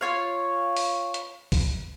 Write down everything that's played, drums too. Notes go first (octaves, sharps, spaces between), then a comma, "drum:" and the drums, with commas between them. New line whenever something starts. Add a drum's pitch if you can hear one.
F4 C#5 F5
drum: open hi-hat
drum: hi-hat
drum: kick, open hi-hat